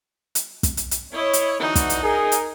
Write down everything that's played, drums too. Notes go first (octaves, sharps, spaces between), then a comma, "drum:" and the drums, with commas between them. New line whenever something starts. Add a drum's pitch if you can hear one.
drum: hi-hat
drum: kick, hi-hat
drum: hi-hat
drum: hi-hat
E4 C#5 D#5
drum: hi-hat
D3 E3 D#4 F#4
drum: kick, hi-hat
drum: hi-hat
G#4 A#4
drum: hi-hat